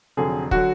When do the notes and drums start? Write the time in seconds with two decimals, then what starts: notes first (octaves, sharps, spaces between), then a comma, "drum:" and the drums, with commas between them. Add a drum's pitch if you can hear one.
0.17 F1 F2 D3 F#3 G#4
0.51 D3 F#3 F#4, drum: kick